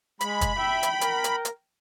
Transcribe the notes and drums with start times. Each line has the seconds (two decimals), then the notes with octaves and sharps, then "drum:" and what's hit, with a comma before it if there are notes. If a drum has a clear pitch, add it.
0.21 G#3 B5, drum: hi-hat
0.41 drum: kick, hi-hat
0.58 E5 G5
0.83 drum: hi-hat
1.01 A#4, drum: hi-hat
1.24 drum: hi-hat
1.45 drum: hi-hat